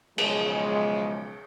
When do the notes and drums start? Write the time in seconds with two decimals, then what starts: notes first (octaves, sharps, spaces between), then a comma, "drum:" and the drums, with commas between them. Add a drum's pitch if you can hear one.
0.18 B1 C#3 F3 G#3, drum: cymbal